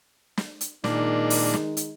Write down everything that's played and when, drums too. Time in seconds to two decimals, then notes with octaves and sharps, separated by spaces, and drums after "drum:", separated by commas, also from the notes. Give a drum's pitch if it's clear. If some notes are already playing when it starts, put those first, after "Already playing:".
0.37 drum: snare
0.61 drum: hi-hat
0.84 A#2 D#3 G#3 D4 D#4, drum: snare
1.30 drum: open hi-hat
1.53 drum: snare
1.77 drum: hi-hat